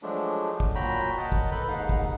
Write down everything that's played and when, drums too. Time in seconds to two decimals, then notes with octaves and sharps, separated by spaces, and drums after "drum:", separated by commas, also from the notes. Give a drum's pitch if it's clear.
0.03 F3 F#3 G#3 A3 D4
0.60 drum: kick
0.75 A#2 F#3 F#4 G5 A#5 B5
1.17 A#4 D#5 F#5 A5
1.32 drum: kick
1.51 A4 B4 B5 G6
1.68 D#2 G#2 D#4 F5 F#5
1.89 drum: kick